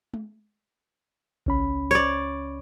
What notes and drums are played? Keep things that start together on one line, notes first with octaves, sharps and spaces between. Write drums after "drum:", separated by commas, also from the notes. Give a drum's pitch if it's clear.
drum: tom G#3
C#2 C#4 B5, drum: kick A1
C#5 D5, drum: tambourine